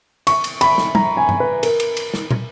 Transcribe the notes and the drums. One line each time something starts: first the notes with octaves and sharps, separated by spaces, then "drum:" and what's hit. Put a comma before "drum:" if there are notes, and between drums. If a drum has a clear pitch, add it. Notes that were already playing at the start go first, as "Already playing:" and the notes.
C#6, drum: cymbal
drum: cymbal
B5, drum: cymbal
drum: snare
A#5, drum: tom G3
G#5
drum: tom
B4
A#4, drum: cymbal
drum: cymbal
drum: cymbal
drum: snare
drum: tom